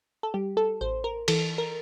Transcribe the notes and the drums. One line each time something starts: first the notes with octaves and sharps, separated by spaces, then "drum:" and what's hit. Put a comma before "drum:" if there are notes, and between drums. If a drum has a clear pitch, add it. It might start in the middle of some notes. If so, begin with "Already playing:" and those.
A4
G3 G4
A4
A1 C5
A#4
E3 A4, drum: cymbal
A#4